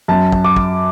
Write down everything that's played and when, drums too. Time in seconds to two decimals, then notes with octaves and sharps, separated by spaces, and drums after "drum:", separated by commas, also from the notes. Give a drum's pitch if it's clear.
0.08 F#2 F#3 A5
0.32 drum: kick
0.45 D6
0.56 drum: kick